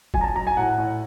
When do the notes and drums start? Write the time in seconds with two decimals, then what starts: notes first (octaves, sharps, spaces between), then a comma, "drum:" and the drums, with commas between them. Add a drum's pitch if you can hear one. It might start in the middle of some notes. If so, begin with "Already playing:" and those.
0.14 F#3 G#5, drum: kick
0.21 A#5
0.24 A5
0.35 F#3 A#5
0.47 G#5
0.57 A2 F#5
0.78 A2